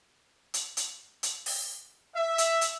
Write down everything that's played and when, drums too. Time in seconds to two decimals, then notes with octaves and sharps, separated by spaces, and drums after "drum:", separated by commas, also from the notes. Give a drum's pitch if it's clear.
0.54 drum: hi-hat
0.77 drum: hi-hat
1.23 drum: hi-hat
1.46 drum: open hi-hat
2.15 E5
2.38 drum: hi-hat
2.61 drum: hi-hat